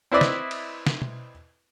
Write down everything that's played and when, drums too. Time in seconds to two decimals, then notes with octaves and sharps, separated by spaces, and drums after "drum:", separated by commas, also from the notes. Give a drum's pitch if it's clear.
0.12 C4 E4 B4 D5 D#5
0.21 drum: snare
0.51 drum: cymbal
0.87 drum: snare
1.02 drum: tom B2